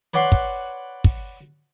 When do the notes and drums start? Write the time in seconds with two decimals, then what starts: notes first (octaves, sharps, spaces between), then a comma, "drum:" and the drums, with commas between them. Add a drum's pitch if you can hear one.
0.14 B4 C#5 D5 F#5 B5 C6
0.32 drum: kick
1.04 drum: kick